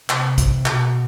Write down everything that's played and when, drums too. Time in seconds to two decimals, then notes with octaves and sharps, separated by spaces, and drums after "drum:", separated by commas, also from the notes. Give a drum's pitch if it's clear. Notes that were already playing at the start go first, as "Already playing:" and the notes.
0.10 C3, drum: clap
0.38 drum: kick, hi-hat
0.66 B2, drum: clap